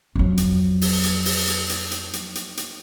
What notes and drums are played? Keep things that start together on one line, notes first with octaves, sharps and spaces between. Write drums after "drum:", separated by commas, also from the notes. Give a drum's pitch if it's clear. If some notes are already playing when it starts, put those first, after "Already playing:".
F2 F#3
drum: hi-hat
drum: open hi-hat
drum: hi-hat
drum: open hi-hat
drum: hi-hat
drum: hi-hat
drum: hi-hat
drum: hi-hat
drum: hi-hat
drum: hi-hat